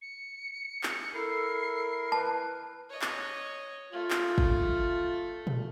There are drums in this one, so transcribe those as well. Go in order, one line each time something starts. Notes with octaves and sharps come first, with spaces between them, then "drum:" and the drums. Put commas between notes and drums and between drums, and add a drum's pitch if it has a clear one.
C#7
drum: clap
E4 A4 A#4 C7
B4 A5
C#5 D#5
drum: clap
A3 F4
drum: clap
drum: kick
drum: tom A#2